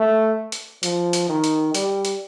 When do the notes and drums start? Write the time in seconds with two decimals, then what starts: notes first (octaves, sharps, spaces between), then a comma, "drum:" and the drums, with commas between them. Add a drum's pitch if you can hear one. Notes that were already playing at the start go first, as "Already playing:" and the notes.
Already playing: A3
0.52 drum: hi-hat
0.83 F3, drum: hi-hat
1.13 drum: hi-hat
1.29 D#3
1.44 drum: hi-hat
1.75 G3, drum: hi-hat
2.05 drum: hi-hat